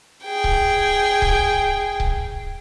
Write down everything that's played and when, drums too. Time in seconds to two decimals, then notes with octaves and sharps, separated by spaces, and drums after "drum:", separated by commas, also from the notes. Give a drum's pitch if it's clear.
0.25 G#4 G5
0.44 drum: kick C#1
1.22 drum: kick C#1
2.00 drum: kick C#1